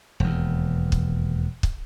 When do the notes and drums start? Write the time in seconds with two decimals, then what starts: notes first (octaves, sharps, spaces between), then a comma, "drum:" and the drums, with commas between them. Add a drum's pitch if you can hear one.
0.20 E1 D#2
0.92 drum: kick
1.63 drum: kick